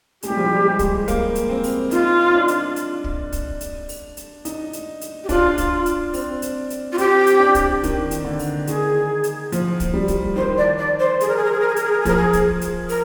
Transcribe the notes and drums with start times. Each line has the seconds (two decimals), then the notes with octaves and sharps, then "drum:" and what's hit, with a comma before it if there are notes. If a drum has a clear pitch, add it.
0.23 G#3 G4, drum: hi-hat
0.30 G3
0.37 F3
0.45 G3
0.65 G#3
0.79 drum: kick, hi-hat
1.08 A#3, drum: kick, hi-hat
1.35 drum: hi-hat
1.49 C4
1.64 drum: open hi-hat
1.91 D#4 F4, drum: hi-hat
2.29 D#4
2.34 D4
2.48 drum: hi-hat
2.76 drum: hi-hat
3.04 drum: kick
3.32 drum: kick, hi-hat
3.61 drum: hi-hat
3.89 drum: open hi-hat
4.17 drum: hi-hat
4.45 D#4, drum: hi-hat
4.73 drum: hi-hat
5.01 drum: hi-hat
5.24 G4
5.29 D4 F4, drum: kick, hi-hat
5.58 drum: kick, hi-hat
5.86 drum: hi-hat
6.14 C4, drum: open hi-hat
6.42 drum: hi-hat
6.70 drum: hi-hat
6.92 F4
6.98 C4 G4, drum: hi-hat
7.27 drum: hi-hat
7.40 D4
7.55 drum: kick, hi-hat
7.83 D#3, drum: kick, hi-hat
8.11 drum: hi-hat
8.25 D3
8.39 drum: open hi-hat
8.67 D#3 G#4, drum: hi-hat
9.24 drum: hi-hat
9.52 F3, drum: hi-hat
9.80 drum: kick, hi-hat
9.94 G3
10.08 drum: kick, hi-hat
10.36 D#3 C5
10.58 D5
10.78 D5
10.99 C5
11.20 G#4, drum: hi-hat
11.28 A#4
11.36 G#4
11.44 A#4
11.52 G#4
11.60 A#4
11.68 G#4
11.76 A#4, drum: hi-hat
11.84 G#4
11.92 A#4
12.00 G#4
12.05 F3 A#4, drum: kick, hi-hat
12.16 G#4
12.33 drum: kick, hi-hat
12.61 drum: hi-hat
12.89 A#4, drum: open hi-hat